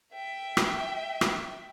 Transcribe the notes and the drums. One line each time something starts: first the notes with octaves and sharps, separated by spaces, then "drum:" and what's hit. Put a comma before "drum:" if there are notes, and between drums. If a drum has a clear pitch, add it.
E5 G5
drum: rim click
drum: rim click